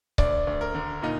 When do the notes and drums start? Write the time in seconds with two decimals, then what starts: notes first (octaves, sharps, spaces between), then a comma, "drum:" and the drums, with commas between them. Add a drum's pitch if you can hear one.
0.18 D2 D5, drum: kick C#1
0.47 D2
0.61 A#4
0.74 D3
1.02 A#2 D#4